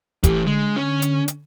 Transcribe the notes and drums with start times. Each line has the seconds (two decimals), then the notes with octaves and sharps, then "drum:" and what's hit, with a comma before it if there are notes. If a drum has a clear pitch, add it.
0.24 E3 A3 G4, drum: kick, hi-hat
0.47 D3 G#3
0.76 C#4
1.02 drum: hi-hat
1.28 drum: hi-hat